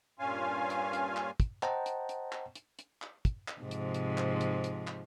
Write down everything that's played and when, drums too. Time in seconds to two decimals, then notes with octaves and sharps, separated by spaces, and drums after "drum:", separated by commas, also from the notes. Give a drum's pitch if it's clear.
0.19 G2 A#2 C#4 F4 F5 G#5
0.70 drum: hi-hat
0.93 drum: hi-hat
1.16 drum: clap
1.40 drum: kick, hi-hat
1.63 C5 D#5 F#5 G5 A5 A#5, drum: clap
1.86 drum: hi-hat
2.09 drum: hi-hat
2.32 drum: clap
2.55 drum: hi-hat
2.79 drum: hi-hat
3.02 drum: clap
3.25 drum: kick, hi-hat
3.48 drum: clap
3.61 G#2 C3 F3
3.71 drum: hi-hat
3.94 drum: hi-hat
4.18 drum: clap
4.41 drum: hi-hat
4.64 drum: hi-hat
4.87 drum: clap